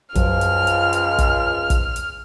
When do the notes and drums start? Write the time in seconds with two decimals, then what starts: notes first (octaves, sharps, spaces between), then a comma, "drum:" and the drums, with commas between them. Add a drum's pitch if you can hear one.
0.15 C#2 F#2 F3 F6, drum: kick, hi-hat
0.41 drum: hi-hat
0.67 drum: hi-hat
0.93 drum: hi-hat
1.18 drum: kick, hi-hat
1.70 drum: kick, hi-hat
1.96 drum: hi-hat